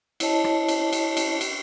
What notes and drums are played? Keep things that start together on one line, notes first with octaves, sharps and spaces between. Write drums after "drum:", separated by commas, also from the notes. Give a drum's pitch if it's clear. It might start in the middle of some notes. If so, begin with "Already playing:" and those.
E4 C#5 D#5 A5, drum: cymbal
drum: rim click
drum: cymbal
drum: cymbal
drum: cymbal
drum: cymbal